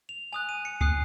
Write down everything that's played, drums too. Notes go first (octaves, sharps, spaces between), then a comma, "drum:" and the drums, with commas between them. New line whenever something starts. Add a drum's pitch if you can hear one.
F7
G#5 D#6 F#6 F7
D#7
C#7
G#5 D#6 F#6 C7, drum: kick D2